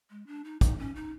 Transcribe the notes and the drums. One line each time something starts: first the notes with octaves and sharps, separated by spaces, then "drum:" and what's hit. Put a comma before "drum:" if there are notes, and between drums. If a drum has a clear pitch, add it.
G#3
D4
D#4
D#4, drum: kick, hi-hat
C#4
D#4